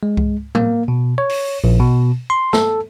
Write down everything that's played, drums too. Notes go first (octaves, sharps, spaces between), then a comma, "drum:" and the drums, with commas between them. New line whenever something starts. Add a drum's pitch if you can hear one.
G#3
drum: kick C#2
A#3, drum: tom A2
B2
C#5
drum: open hi-hat
A#1
B2
C6
A4, drum: snare A3